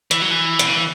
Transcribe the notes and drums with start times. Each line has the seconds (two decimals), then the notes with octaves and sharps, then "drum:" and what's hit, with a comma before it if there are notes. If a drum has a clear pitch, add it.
0.11 E3, drum: hi-hat
0.21 F#3
0.31 E3
0.59 B2, drum: hi-hat
0.67 C#3
0.75 E3